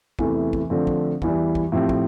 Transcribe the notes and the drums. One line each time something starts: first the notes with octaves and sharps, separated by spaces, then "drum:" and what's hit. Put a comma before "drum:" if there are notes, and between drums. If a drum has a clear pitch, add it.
E2 C3 E3 A3, drum: kick
drum: kick
D3 F3 A3 C4
drum: kick
E2 E3 G3, drum: kick
drum: kick
A2 F3 C4 G4
drum: kick